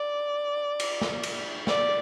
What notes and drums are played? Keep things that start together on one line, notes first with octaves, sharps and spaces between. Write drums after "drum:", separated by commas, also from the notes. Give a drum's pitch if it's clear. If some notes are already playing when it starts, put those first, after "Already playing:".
Already playing: D5
drum: cymbal
drum: snare
drum: cymbal
D5, drum: snare